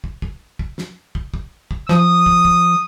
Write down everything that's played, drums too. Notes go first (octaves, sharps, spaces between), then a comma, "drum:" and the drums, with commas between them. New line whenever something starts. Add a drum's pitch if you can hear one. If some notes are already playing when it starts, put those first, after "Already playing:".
drum: kick
drum: kick
drum: kick
drum: snare
drum: kick
drum: kick
drum: kick
F3 D#6, drum: snare
drum: kick
drum: kick